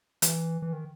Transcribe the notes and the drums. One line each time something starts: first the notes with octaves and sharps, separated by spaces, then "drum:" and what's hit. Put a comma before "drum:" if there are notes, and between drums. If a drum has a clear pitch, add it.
E3, drum: hi-hat
E3
D#3